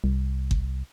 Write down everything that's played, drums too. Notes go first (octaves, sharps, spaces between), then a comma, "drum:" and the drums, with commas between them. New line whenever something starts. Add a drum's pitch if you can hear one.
C2
drum: kick G1